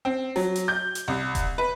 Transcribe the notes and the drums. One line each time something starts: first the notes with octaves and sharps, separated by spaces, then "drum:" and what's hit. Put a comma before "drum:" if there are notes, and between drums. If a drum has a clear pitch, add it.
C4
F#3, drum: snare
drum: hi-hat
G6
drum: hi-hat
C2
drum: kick E1, hi-hat
B4